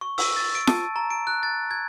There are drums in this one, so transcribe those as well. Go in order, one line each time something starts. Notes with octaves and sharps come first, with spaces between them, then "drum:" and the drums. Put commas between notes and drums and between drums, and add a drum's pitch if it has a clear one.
C#6
E6, drum: open hi-hat
A6
D7
A5, drum: snare F4
A#5
D7
F#6
A6
G#6